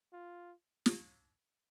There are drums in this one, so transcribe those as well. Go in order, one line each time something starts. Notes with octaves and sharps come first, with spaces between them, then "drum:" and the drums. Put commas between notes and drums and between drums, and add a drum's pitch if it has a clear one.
F4
drum: snare